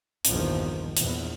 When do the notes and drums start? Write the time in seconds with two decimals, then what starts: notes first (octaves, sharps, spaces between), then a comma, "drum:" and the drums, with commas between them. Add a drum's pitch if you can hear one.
0.25 A#1 E2 G2 D#3 F3, drum: hi-hat
0.97 A#1 E2, drum: hi-hat